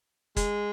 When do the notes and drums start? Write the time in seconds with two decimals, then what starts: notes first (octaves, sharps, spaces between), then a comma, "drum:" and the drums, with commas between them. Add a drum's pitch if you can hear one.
0.36 G#3, drum: kick, hi-hat